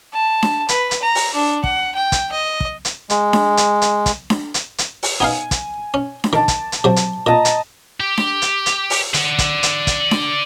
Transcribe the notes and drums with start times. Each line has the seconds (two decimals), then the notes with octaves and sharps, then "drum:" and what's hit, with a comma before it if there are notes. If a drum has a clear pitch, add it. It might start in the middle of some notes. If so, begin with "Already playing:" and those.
0.13 A5
0.42 drum: snare D4
0.69 B4, drum: hi-hat
0.91 drum: hi-hat
1.02 A#5
1.15 drum: open hi-hat
1.34 D4
1.64 F#5, drum: kick
1.94 G5
2.12 drum: kick, hi-hat
2.32 D#5
2.60 drum: kick
2.85 drum: hi-hat
3.10 G#3, drum: hi-hat
3.33 drum: snare D4
3.57 drum: hi-hat
3.82 drum: hi-hat
4.06 drum: kick, hi-hat
4.30 drum: snare D4
4.54 drum: hi-hat
4.78 drum: hi-hat
5.03 drum: open hi-hat
5.20 B3 D#4 F5 G#5
5.51 drum: kick, hi-hat
5.94 C#4
6.24 drum: snare D4
6.33 D#3 A5 D6
6.48 drum: kick, hi-hat
6.72 drum: hi-hat
6.84 C3 F#3
6.96 drum: hi-hat
7.26 A#2 D#5 A5 A#5
7.45 drum: hi-hat
8.00 G4
8.17 drum: snare D4
8.42 drum: hi-hat
8.66 drum: hi-hat
8.90 drum: open hi-hat
9.14 D5 F#5, drum: hi-hat
9.39 drum: kick, hi-hat
9.63 drum: hi-hat
9.87 drum: kick, hi-hat
10.11 drum: snare D4